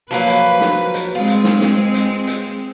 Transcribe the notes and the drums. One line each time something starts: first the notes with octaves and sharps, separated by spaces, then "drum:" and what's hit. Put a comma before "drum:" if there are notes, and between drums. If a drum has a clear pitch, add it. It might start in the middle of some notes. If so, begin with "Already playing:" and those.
F3 F#3 A#3 B4
drum: hi-hat
drum: snare
drum: hi-hat
G#3 C4 F4
drum: hi-hat
drum: snare
drum: snare
drum: hi-hat
drum: hi-hat